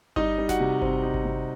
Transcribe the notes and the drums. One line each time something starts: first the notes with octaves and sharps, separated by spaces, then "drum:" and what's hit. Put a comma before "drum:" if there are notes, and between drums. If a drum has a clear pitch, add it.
G3 D#4 D#5, drum: kick G1
G3
F#4 F#5, drum: snare F#1
C3
C4, drum: kick G1
D#4
drum: kick G1
C3